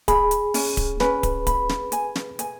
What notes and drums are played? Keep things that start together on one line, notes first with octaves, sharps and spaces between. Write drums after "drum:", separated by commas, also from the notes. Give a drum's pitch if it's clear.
G#4 B5, drum: kick D1, hi-hat
drum: hi-hat
C#4, drum: open hi-hat
drum: kick D1, hi-hat
C#4 B4, drum: snare
drum: kick D1, hi-hat
B5, drum: kick D1, hi-hat
drum: snare
G#5, drum: hi-hat
drum: snare
G#5, drum: hi-hat